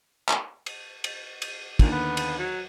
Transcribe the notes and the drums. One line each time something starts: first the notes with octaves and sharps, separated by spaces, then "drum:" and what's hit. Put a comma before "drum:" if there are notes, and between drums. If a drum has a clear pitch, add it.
drum: clap
drum: cymbal
drum: cymbal
drum: cymbal
D#2 A#2 D3, drum: kick, cymbal
B3
drum: cymbal
F#3